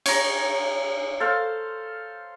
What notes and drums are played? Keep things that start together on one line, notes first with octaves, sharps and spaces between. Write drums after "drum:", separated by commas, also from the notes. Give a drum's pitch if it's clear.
C#5 A#5, drum: cymbal
A4 C5 F5